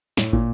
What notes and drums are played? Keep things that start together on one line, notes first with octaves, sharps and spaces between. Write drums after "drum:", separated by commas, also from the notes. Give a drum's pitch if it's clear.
A2, drum: snare
A#2, drum: kick